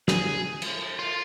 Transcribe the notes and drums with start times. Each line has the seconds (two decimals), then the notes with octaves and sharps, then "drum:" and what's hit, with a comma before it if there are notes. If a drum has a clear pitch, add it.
0.08 G#4, drum: snare
0.62 drum: cymbal
0.99 F4